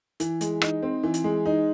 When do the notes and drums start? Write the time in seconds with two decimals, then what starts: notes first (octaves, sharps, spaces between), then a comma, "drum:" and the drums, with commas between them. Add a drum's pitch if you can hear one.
0.20 E3, drum: hi-hat
0.41 G#3, drum: hi-hat
0.61 D#4, drum: rim click
0.83 C4
1.03 E3
1.14 drum: hi-hat
1.24 G#3
1.46 D#4